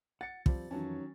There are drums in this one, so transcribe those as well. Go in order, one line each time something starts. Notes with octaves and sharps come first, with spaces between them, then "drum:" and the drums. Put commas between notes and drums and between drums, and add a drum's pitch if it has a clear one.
F#5 A6 C#7
F3 G3 C4, drum: kick
F2 D#3 E3 F#3 C#4 A5